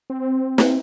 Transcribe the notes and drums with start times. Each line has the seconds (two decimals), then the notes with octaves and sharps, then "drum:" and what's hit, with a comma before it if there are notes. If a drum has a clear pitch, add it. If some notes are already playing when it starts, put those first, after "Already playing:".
0.10 C4
0.58 drum: snare